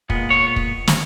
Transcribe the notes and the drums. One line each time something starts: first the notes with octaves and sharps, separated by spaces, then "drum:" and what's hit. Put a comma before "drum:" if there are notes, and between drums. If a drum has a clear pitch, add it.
A#2 G#3 B3, drum: kick
C#5
drum: kick
drum: snare